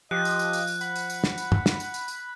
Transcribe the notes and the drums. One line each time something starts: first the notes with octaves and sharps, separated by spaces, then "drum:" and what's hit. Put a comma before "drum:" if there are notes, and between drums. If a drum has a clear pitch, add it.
F3 G4 D#5 F#6
drum: tambourine
drum: tambourine
drum: tambourine
drum: tambourine
F#5 B5, drum: tambourine
drum: tambourine
drum: tambourine
drum: snare
drum: tambourine
drum: tom
drum: snare
drum: tambourine
drum: tambourine
drum: tambourine